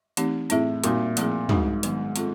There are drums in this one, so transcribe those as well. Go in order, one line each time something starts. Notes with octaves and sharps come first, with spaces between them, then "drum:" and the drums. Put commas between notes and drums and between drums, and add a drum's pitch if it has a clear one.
E3 A3 C4 D#4 G4, drum: hi-hat
A2 C4 E4 G#4, drum: hi-hat
A#2 G3 C4 D#4 F#4 A#4, drum: hi-hat
F3 A3 C4 E4 G#4, drum: hi-hat
G#2 G3 A#3 D4 F#4 A#4, drum: tom
D#3 F#3 B3, drum: hi-hat
C4 F4 A4, drum: hi-hat